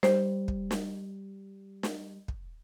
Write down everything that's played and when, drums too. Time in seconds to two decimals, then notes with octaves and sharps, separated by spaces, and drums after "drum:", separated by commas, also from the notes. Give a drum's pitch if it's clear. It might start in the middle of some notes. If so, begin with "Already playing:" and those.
0.03 G3 C5, drum: snare
0.48 drum: kick
0.71 drum: snare
1.83 drum: snare
2.28 drum: kick